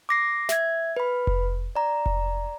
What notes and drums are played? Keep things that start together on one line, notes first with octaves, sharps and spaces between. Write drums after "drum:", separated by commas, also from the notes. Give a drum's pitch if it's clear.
D6 A#6 C7
E5 G#6, drum: snare
B4 B5
drum: kick F1
D5 A#5
drum: kick F1